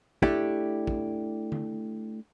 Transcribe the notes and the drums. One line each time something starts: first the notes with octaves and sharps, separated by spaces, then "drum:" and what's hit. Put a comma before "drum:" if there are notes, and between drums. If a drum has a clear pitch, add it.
A3 D4 E4 G4, drum: kick
drum: kick
drum: tom D3